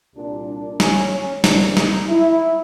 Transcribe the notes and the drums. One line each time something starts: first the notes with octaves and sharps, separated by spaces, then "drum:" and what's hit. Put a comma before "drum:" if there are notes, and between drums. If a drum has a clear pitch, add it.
C2 A#2 G3 D4
D4
C#4, drum: snare
C#4
E2 C3 D#3 D4, drum: snare
D#4, drum: snare
E4